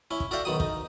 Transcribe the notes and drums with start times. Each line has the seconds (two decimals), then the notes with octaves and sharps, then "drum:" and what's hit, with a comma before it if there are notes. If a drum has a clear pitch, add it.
0.11 C#4 E4
0.20 drum: kick
0.31 F#4 A4 D5 E5 F5 G5
0.45 B1 D#3 F#3 D#6
0.60 D#4, drum: kick